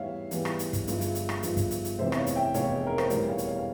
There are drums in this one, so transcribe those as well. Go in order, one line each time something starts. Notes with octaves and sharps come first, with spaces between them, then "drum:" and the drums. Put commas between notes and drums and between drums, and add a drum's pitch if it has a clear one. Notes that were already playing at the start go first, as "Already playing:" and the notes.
Already playing: E2 E3 G3 C#5 E5 F5
E2 E3 G3, drum: hi-hat
drum: rim click
drum: hi-hat
drum: kick, hi-hat
G1 G2 F3 G#3, drum: hi-hat
drum: hi-hat
drum: hi-hat
drum: rim click
G1 G2 F3 G#3, drum: hi-hat
drum: kick, hi-hat
drum: hi-hat
drum: hi-hat
F1 E2 C3 E3 C5 E5
E5, drum: rim click
C#5 F5
drum: hi-hat
E5 G5
F1 E2 C3 E3 C#5 F5, drum: hi-hat
G#4
A#4
C5, drum: rim click
E1 E2 E3 G3 A#4 C#5, drum: hi-hat
C#5 F5
drum: hi-hat
C#5 F5
F5